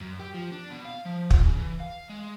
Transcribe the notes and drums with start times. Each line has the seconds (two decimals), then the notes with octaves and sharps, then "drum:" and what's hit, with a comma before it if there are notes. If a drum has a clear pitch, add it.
0.01 F#2
0.19 G4
0.34 F3
0.52 D4
0.70 B2
0.85 F5
1.05 F3
1.30 F4, drum: kick
1.44 C#3
1.58 E3
1.80 F5
2.10 G#3